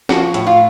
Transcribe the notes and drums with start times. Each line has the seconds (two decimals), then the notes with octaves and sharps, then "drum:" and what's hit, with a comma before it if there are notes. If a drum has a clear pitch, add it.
0.09 F3 F#4, drum: snare
0.34 A2, drum: hi-hat
0.46 F4